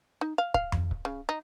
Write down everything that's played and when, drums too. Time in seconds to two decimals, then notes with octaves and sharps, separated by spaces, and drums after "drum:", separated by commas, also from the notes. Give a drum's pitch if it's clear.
0.21 D#4
0.38 F5
0.54 F5, drum: kick C#1
0.72 drum: tom F2
0.91 drum: kick C#1
1.05 C#3
1.29 D#4